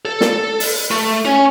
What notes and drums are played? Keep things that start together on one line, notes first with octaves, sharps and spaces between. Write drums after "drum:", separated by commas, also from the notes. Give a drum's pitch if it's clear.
A4
drum: snare
drum: open hi-hat
A3
C#4 G#5